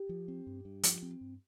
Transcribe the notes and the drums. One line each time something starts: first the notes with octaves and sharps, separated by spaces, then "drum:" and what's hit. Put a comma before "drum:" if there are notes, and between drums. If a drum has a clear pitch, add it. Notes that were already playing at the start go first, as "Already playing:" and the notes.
Already playing: G4
F3
C4
G2
G2
F3, drum: hi-hat
C4
G2